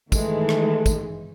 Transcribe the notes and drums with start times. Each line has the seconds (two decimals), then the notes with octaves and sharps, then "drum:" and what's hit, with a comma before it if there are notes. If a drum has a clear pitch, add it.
0.12 D#3 E3 G#3 A3, drum: kick, tambourine
0.49 drum: rim click
0.86 drum: kick, tambourine